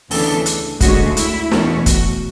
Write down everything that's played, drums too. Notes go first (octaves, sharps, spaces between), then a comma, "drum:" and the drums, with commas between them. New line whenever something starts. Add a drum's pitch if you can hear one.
D2 C#3 E3 B3 D4 A4, drum: open hi-hat
drum: hi-hat
D2 D3 G#3 C#4 F#4, drum: kick, hi-hat
E4, drum: hi-hat
E2 B2 A3 C#4, drum: snare
F#4, drum: kick, hi-hat